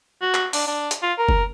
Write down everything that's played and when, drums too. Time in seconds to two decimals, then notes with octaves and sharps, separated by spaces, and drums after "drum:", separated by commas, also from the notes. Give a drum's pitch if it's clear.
0.22 F#4
0.35 drum: clap
0.53 D4, drum: open hi-hat
0.67 D4
0.91 drum: hi-hat
1.02 F4
1.18 A#4
1.29 drum: kick